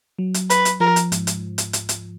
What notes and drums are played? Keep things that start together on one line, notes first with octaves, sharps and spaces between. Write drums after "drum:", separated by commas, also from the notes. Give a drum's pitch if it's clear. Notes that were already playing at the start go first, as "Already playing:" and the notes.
F#3
drum: hi-hat
B4, drum: hi-hat
drum: hi-hat
F3 A#4
drum: hi-hat
G#2, drum: hi-hat
drum: hi-hat
drum: hi-hat
drum: hi-hat
drum: hi-hat